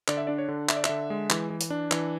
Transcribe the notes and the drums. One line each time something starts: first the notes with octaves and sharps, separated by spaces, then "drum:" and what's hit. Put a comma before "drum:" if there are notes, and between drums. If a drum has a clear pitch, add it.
D3 D5, drum: clap
E5
D4 D5
C#5
D3
D4 E5, drum: clap
D5
D3 E5, drum: clap
G#3
E3, drum: clap
E3
drum: hi-hat
D4
E3, drum: clap